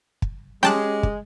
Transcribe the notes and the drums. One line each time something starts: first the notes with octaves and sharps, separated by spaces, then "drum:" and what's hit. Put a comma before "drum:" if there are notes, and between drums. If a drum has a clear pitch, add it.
drum: kick
G#3 C#4 G4 G5 A5 D6 F#6, drum: snare
drum: kick